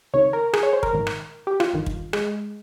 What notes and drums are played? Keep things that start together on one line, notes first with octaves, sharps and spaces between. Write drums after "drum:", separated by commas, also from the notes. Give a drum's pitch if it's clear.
C#2 C3 D#3 C#5
A#4
G#4, drum: rim click
C#5
C5
A#4, drum: kick
A#1 G#2 D#3
drum: rim click
G4
F4, drum: rim click
G#1 G2 D#3
drum: kick
G#3, drum: rim click